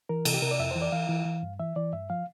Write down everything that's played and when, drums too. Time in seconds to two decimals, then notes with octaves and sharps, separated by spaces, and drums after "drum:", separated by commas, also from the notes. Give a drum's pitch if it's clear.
0.09 E3 A#4
0.25 C3 A4, drum: cymbal
0.34 G4
0.42 C3 A#4
0.51 D5
0.59 F2 E5
0.71 E3 C5
0.82 D5
0.92 E3 F5
1.09 E3
1.25 E3
1.43 G2
1.59 E3 E5
1.76 E3 D5
1.93 G2 E5
2.10 F3 F5